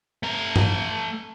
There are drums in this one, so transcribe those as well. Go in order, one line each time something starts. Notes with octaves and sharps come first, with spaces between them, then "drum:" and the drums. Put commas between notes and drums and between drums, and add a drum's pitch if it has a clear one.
A3 A#5
drum: tom G2